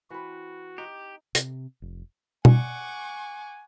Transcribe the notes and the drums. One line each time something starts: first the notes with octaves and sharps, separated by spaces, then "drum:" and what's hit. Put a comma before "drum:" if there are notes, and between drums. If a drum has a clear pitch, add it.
E3 C4 F#4 B4
D#4 G4
C3, drum: hi-hat
F1
F#5 G#5 C#6 D6, drum: tom